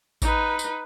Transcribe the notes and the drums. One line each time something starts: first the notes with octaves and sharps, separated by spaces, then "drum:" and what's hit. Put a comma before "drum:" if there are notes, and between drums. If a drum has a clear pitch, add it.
D#4 B4, drum: kick A1, tambourine
drum: tambourine